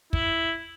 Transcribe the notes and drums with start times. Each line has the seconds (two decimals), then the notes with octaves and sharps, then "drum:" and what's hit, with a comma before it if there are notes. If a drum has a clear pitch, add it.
0.13 E4, drum: kick